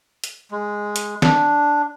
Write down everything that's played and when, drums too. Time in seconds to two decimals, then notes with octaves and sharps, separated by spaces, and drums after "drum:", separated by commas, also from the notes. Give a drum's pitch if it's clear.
0.24 drum: hi-hat
0.51 G#3
0.96 drum: hi-hat
1.22 D4, drum: snare